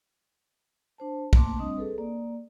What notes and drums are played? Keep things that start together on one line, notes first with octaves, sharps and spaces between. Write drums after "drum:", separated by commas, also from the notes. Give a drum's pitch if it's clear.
D4 C5 A5
A3 A#3 A5 C6 D6, drum: kick B1
G3 C4 D4 D#5 D#6
G#4 A4 B4
A#3 D5